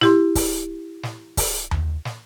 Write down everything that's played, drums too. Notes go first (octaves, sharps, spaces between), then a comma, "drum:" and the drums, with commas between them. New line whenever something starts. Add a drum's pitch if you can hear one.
E4 G4 C6, drum: snare
drum: kick, open hi-hat
drum: snare
drum: kick, open hi-hat
drum: tom D#2
drum: snare